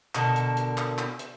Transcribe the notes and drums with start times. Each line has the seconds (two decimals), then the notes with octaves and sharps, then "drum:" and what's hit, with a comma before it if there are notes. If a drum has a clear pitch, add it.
0.15 B2 D3 A#4 A5, drum: clap
0.36 drum: hi-hat
0.57 drum: hi-hat
0.77 drum: clap
0.98 drum: clap
1.19 drum: hi-hat